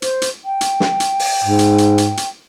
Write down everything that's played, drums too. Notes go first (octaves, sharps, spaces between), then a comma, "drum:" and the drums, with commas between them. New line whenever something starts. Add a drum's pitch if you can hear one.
C5, drum: hi-hat
drum: hi-hat
G5
drum: hi-hat
drum: snare
drum: hi-hat
drum: open hi-hat
G#2
drum: hi-hat
drum: hi-hat
drum: hi-hat
drum: hi-hat